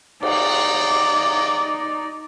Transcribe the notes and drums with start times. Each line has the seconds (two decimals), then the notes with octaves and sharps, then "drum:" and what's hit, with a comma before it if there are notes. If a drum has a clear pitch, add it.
0.23 D#4 D5, drum: cymbal